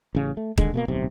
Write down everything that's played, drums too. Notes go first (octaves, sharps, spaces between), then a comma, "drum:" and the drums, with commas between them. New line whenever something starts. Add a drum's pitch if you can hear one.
A1 C#3
A3
D#1 D#2 D3 G#3, drum: kick D#1
B2 A3 A#3
D1 B1 C3